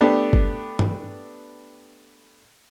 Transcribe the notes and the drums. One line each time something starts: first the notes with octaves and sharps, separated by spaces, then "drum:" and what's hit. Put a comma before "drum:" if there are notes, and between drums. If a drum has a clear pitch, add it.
A3 B3 D4 G4
drum: kick G1
drum: tom